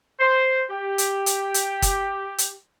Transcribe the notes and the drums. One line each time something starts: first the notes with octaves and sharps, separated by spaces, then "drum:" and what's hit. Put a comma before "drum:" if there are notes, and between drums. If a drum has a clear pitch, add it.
C5
G4
drum: hi-hat
drum: hi-hat
drum: hi-hat
drum: kick F#1, hi-hat
drum: hi-hat